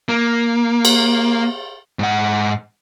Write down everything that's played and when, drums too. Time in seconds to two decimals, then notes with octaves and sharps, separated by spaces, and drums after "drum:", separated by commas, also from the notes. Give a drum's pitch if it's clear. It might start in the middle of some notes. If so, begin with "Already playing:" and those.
0.09 A#3
0.85 drum: cymbal
1.99 G#2 F#5